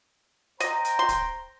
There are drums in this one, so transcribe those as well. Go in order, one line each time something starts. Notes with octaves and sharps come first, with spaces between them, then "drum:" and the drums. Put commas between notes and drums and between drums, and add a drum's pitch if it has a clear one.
C5 D#5 G5 A#5, drum: hi-hat
drum: hi-hat
C6
drum: kick D1, hi-hat